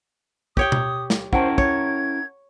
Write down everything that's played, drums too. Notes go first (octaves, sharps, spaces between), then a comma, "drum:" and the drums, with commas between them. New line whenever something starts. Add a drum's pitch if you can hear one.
G4 C#5 G5 D#6, drum: kick
drum: tom B2
drum: snare
C#4 E4 A#4 C5 F#5 G5 A5, drum: kick
C#5 G#6, drum: kick